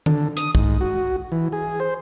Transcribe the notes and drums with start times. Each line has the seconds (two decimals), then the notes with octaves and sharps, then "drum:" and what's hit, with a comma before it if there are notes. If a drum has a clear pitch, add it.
0.06 D3, drum: tom D#3
0.37 D#6, drum: hi-hat
0.55 G#2, drum: kick
0.81 F#4
1.32 E3
1.52 G#4
1.80 C5